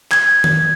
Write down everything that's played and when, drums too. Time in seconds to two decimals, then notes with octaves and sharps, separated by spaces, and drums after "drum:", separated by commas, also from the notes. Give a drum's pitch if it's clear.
0.12 G#6, drum: clap
0.44 drum: tom D#3